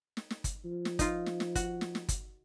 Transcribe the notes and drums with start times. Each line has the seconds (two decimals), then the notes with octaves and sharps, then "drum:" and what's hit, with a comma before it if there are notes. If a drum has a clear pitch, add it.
0.17 drum: snare
0.30 drum: snare
0.44 drum: kick G1, hi-hat
0.65 F3
0.85 drum: snare
0.99 D#4 F4, drum: kick G1, hi-hat
1.26 drum: snare
1.40 drum: snare
1.55 F#4, drum: kick G1, hi-hat
1.81 drum: snare
1.95 drum: snare
2.09 drum: kick G1, hi-hat